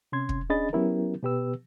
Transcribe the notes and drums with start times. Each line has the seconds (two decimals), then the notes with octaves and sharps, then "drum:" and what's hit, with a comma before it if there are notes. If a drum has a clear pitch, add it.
0.12 C3 C#4 C6 G#6
0.29 drum: kick
0.50 C#4 D4 G#4 D#5 B5 A6
0.73 F#3 B3 C#4 E4 G4 A#4
1.23 B2 B3 G4 B4 E6